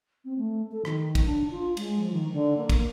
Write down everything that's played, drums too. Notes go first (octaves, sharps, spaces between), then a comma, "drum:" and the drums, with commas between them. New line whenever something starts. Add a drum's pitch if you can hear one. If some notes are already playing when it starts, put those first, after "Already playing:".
C4
A3
A4
D#3, drum: rim click
drum: kick, cymbal
D4
F4
G#3, drum: cymbal
F3
D#3
D3
A#3
drum: kick, cymbal